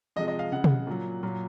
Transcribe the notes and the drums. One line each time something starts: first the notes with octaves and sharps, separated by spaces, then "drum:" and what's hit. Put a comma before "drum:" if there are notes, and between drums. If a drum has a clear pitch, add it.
C3 F3 G#3 D#5
D#5
F5
C#3 G#3 F#5
drum: tom
A#2 F#3
A#2 F#3